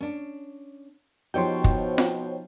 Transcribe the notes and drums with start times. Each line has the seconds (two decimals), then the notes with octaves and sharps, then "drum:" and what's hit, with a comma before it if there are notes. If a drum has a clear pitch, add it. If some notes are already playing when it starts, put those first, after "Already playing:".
0.01 C#4 D4
1.34 B2 F3 D#4 G4 C5 C#5 G5
1.64 drum: kick
1.98 drum: snare F4